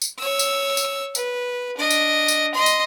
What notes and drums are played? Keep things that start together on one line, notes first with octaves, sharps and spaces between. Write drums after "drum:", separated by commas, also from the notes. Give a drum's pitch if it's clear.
drum: tambourine
C#5 E6
drum: tambourine
drum: tambourine
B4, drum: tambourine
D4 D#5
drum: tambourine
drum: tambourine
D#5 C6
drum: tambourine